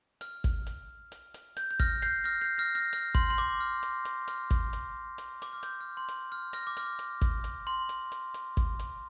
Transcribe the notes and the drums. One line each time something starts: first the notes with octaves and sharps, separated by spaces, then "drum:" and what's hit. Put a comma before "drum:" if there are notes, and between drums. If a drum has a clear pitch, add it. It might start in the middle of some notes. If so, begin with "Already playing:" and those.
F6, drum: hi-hat
drum: kick, hi-hat
drum: hi-hat
drum: hi-hat
drum: hi-hat
G6, drum: hi-hat
G6
F6 A#6, drum: kick, hi-hat
G6 C7, drum: hi-hat
F6 A#6
G6 C7
F6 A#6
F6 A#6
F6, drum: hi-hat
C6, drum: kick, hi-hat
C6
D6, drum: hi-hat
F6
drum: hi-hat
drum: hi-hat
F6, drum: hi-hat
drum: kick, hi-hat
drum: hi-hat
drum: hi-hat
D6, drum: hi-hat
F6
G6, drum: hi-hat
F6
C6
drum: hi-hat
F6
F6 A#6, drum: hi-hat
D6
F6, drum: hi-hat
drum: hi-hat
drum: kick, hi-hat
drum: hi-hat
C6
drum: hi-hat
drum: hi-hat
drum: hi-hat
drum: kick, hi-hat
drum: hi-hat